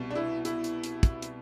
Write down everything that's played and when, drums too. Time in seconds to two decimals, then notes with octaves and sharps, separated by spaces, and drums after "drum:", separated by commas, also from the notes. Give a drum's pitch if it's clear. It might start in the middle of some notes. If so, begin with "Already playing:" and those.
Already playing: C2 B2
0.10 D4
0.15 E4
0.45 E4, drum: hi-hat
0.64 drum: hi-hat
0.84 drum: hi-hat
1.03 drum: kick, hi-hat
1.22 drum: hi-hat